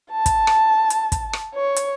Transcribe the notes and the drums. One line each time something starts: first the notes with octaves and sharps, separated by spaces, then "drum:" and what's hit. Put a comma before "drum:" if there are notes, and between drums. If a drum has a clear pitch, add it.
A5
drum: kick, hi-hat
drum: rim click
drum: hi-hat
drum: kick, hi-hat
drum: rim click
C#5
drum: hi-hat